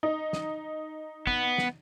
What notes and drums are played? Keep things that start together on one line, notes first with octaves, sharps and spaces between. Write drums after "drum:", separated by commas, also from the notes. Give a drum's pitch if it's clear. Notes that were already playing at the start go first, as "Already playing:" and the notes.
D#4
drum: snare
B3, drum: kick
drum: snare